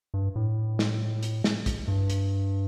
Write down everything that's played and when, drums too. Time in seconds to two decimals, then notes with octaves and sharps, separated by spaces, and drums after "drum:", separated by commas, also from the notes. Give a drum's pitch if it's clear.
0.14 G2
0.36 A2
0.79 drum: snare
1.23 drum: hi-hat
1.44 drum: snare
1.66 drum: kick, hi-hat
1.88 G2
2.10 drum: hi-hat